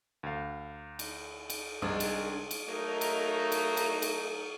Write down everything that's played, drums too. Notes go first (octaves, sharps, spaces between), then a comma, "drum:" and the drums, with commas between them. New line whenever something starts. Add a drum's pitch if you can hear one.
D2 F5
drum: cymbal
drum: cymbal
C2 D#3 G#3 D4
drum: cymbal
drum: cymbal
F#3 A3 A#3 D#4
drum: cymbal
drum: cymbal
drum: cymbal
drum: cymbal